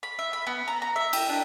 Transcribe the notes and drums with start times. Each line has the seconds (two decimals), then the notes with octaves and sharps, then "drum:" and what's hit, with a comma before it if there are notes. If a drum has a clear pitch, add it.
0.03 B5
0.19 E5
0.33 B5
0.47 B3
0.68 A#5
0.82 A#5
0.96 E5
1.13 G4, drum: cymbal
1.29 D4